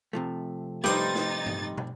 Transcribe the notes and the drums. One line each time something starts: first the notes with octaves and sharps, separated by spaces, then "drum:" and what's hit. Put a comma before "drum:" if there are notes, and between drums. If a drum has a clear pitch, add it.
C3 F3 A3
G2 G3 D#4 C5 D#6 A6, drum: snare
drum: snare
drum: tom G2
drum: tom